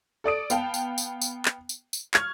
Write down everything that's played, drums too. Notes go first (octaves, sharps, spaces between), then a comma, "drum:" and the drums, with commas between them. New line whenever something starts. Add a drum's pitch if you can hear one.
A4 D5 D#6 D7
B3 F5 G5 A5, drum: tambourine
drum: tambourine
drum: tambourine
drum: tambourine
drum: clap
drum: tambourine
drum: tambourine
C#6 F6 G#6, drum: clap